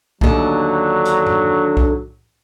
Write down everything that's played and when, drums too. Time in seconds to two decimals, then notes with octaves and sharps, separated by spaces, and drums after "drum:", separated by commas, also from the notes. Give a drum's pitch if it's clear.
0.21 D#2 D3 F#3, drum: kick B1
1.05 drum: hi-hat
1.26 drum: tom F#2
1.77 drum: kick B1